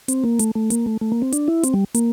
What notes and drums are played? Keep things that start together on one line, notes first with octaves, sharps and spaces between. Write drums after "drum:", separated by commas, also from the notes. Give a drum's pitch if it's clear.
C4, drum: hi-hat
A#3
A3, drum: hi-hat
A3
A#3, drum: hi-hat
A3
A3
A#3
C4
D4, drum: hi-hat
E4
C4, drum: hi-hat
G3
A#3, drum: hi-hat